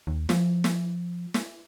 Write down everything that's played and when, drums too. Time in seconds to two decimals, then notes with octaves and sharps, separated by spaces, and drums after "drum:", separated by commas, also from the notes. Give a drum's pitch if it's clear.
0.07 D#2
0.29 F3, drum: snare
0.64 drum: snare
1.34 drum: snare